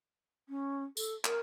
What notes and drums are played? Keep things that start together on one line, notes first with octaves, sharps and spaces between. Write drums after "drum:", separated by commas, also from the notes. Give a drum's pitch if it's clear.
C#4
A4, drum: tambourine
A#4, drum: clap